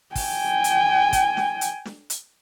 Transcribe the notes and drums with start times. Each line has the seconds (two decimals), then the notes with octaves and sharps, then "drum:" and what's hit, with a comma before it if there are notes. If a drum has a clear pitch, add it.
0.15 G5 G#5, drum: kick, open hi-hat
0.64 drum: hi-hat
1.13 drum: kick, hi-hat
1.37 drum: snare
1.61 drum: hi-hat
1.85 drum: snare
2.10 drum: hi-hat